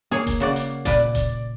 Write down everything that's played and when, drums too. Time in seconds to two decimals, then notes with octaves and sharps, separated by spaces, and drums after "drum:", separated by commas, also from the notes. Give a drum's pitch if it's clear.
0.11 A#3 G#4 C#5
0.27 drum: kick E1, hi-hat
0.40 C#3 F#4 D5
0.56 drum: hi-hat
0.85 A#2 B4 D5, drum: kick E1, hi-hat
1.15 drum: kick E1, hi-hat